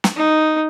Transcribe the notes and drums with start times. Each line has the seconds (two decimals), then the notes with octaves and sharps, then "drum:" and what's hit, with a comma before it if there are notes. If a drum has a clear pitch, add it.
0.04 drum: snare
0.16 D#4